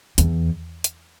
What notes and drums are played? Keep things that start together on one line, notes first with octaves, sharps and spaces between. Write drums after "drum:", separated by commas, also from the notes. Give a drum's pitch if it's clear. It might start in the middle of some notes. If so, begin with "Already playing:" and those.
E2, drum: hi-hat
drum: hi-hat